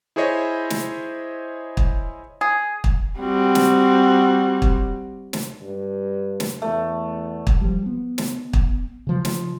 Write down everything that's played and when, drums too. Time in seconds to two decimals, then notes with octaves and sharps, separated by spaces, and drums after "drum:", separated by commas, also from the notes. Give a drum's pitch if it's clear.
0.16 E4 G#4 C5 C#5 D#5 E5
0.70 drum: snare
1.77 drum: kick
2.41 G#4
2.84 drum: kick
3.19 G3 C4 F#4
3.55 drum: snare
4.62 drum: kick
5.33 drum: snare
5.62 G2
6.40 drum: snare
6.62 E2 A3
7.47 drum: kick
7.61 F3 G3
7.86 B3
8.18 drum: snare
8.53 drum: kick
9.07 C#3 F3
9.25 drum: snare